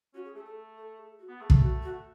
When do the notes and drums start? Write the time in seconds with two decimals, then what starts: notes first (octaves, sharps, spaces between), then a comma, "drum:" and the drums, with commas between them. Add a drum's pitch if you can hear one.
0.14 C#4 F#4
0.25 G#4
0.35 A3 G#4
0.46 A4
0.77 A4
0.98 G#4
1.19 F#4
1.29 B3
1.41 A3 G#4
1.50 drum: kick
1.61 F#4
1.82 F#4